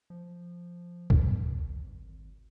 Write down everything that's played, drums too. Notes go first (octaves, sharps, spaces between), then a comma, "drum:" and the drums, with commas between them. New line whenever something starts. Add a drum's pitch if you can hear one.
F3
drum: kick C#2
G#1